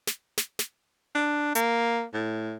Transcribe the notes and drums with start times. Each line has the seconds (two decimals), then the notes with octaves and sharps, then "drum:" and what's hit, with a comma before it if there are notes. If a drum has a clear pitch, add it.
0.07 drum: snare
0.38 drum: snare
0.59 drum: snare
1.15 D4
1.55 A#3, drum: hi-hat
2.14 A2